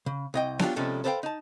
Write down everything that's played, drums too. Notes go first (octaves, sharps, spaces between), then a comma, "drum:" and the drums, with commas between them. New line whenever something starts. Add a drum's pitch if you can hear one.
C#3
C2 D#5 G5
F#3 D4 F4 G4, drum: snare B3
C3 F3 G3 G#3 C#4 A4
A4 B4 C5 D5 F5 G5
D#4 A5